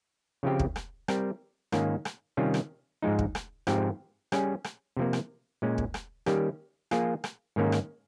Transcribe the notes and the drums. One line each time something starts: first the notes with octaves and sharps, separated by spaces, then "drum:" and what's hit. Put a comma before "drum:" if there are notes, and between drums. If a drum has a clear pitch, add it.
C#3 F3 C4 G4
drum: kick
drum: rim click
G3 C4 G4 A#4, drum: rim click
G#2 D#3 A#3 C#4 F4, drum: rim click
drum: rim click
C3 D#3 G3 C#4 F4
drum: rim click
G#2 F3 G#3 D#4
drum: kick
drum: rim click
G#2 F3 C4 G4, drum: rim click
G3 C#4 G#4, drum: rim click
drum: rim click
C3 F3 A#3
drum: rim click
A#2 G#3 C#4
drum: kick
drum: rim click
D#3 G3 A#3 C#4 G4, drum: rim click
F3 A#3 F4 G#4, drum: rim click
drum: rim click
G#2 D#3 A#3 C#4
drum: rim click